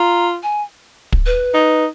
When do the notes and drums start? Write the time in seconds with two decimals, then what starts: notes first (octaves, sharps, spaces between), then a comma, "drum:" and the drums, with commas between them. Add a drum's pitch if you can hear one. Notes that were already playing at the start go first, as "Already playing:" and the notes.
Already playing: F4 A#5
0.43 G#5
1.12 drum: kick
1.26 B4
1.54 D#4